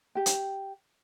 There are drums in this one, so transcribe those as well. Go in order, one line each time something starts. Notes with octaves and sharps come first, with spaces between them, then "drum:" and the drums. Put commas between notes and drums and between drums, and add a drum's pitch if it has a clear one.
G4 G5
drum: hi-hat